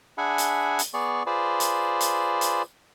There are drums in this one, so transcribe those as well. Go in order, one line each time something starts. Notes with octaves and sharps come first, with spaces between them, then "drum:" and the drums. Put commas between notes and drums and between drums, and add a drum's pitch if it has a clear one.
D4 G#4 E5 F#5 G#5 B5
drum: hi-hat
drum: hi-hat
B3 G#4 D5 C#6
F4 G#4 B4 C5 D5
drum: hi-hat
drum: hi-hat
drum: hi-hat